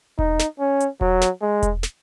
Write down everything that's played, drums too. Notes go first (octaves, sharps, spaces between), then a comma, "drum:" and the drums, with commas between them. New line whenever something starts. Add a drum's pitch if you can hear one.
D#4, drum: kick E1
drum: snare
C#4
drum: hi-hat
F#3, drum: kick E1
drum: snare
G#3
drum: kick E1, hi-hat
drum: snare